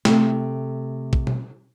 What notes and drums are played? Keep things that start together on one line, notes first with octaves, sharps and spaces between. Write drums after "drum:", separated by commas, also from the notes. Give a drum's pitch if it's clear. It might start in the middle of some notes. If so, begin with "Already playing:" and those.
C3 A3, drum: snare
drum: kick
drum: tom B2